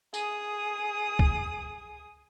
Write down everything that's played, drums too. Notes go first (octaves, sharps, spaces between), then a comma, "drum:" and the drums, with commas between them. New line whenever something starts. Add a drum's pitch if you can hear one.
G#4 D#6, drum: tambourine
drum: kick